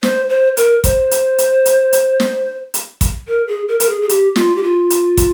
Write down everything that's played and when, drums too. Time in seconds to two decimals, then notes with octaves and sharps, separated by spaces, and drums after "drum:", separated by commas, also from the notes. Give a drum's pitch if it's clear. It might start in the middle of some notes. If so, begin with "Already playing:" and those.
0.03 C5, drum: snare
0.30 C5
0.57 A#4, drum: hi-hat
0.84 C5, drum: kick, hi-hat
1.11 drum: hi-hat
1.38 drum: hi-hat
1.66 drum: hi-hat
1.93 drum: hi-hat
2.20 drum: snare
2.74 drum: hi-hat
3.01 drum: kick, hi-hat
3.28 A#4
3.48 G#4
3.68 A#4
3.80 A#4, drum: hi-hat
3.89 G#4
4.01 G#4
4.09 G4, drum: hi-hat
4.36 F4, drum: snare
4.56 G4
4.63 F4
4.90 drum: hi-hat
5.17 drum: kick, hi-hat